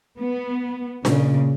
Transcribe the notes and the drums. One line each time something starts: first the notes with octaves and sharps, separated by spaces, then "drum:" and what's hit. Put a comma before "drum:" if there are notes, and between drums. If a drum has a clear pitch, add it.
B3
A#2 C#3, drum: snare D4